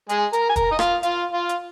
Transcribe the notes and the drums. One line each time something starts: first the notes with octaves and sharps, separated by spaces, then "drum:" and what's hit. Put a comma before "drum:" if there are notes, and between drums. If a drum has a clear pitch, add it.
G#3 G#4, drum: hi-hat
A#4 A#5, drum: hi-hat
G#5
A#4 A#5, drum: kick, hi-hat
D#5
F4 F5, drum: rim click
F4 F5, drum: hi-hat
F4 F5
drum: hi-hat